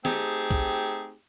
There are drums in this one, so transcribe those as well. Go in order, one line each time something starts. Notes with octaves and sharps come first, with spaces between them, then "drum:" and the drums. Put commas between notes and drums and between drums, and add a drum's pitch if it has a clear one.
A3 C4 D#4 G4 G#4, drum: snare
drum: kick